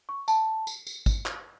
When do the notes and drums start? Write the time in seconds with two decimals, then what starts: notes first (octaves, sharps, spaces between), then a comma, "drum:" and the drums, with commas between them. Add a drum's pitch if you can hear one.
0.09 C#6
0.28 A5, drum: tambourine
0.67 drum: tambourine
0.87 drum: tambourine
1.06 drum: kick, tambourine
1.26 drum: clap